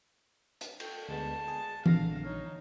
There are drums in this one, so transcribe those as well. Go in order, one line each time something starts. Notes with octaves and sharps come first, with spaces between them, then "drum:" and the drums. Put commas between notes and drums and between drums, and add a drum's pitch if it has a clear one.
drum: hi-hat
A4 G5, drum: cymbal
D2 G#3 B3 A5
G#4
A#1 D3 F5 A#6, drum: tom E3
D#4 C#5